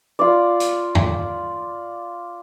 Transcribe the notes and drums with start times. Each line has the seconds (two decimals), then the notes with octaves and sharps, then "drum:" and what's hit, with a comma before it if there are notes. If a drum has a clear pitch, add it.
0.19 F4 D5
0.60 drum: hi-hat
0.95 drum: tom